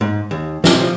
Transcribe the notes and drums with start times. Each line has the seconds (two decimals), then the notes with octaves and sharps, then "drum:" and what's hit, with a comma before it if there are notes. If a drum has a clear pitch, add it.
0.01 G#2
0.31 D#2
0.64 C3, drum: snare
0.81 F3